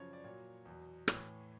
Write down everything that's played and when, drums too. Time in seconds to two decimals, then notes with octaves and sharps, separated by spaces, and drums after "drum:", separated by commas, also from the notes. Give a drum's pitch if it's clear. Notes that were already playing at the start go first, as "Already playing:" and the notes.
Already playing: F#2 C#3 F3 C#5
0.13 D5
0.24 A#2 F#3 C#5
0.65 E2 B2 F#3
1.08 A2 E3 C#5, drum: rim click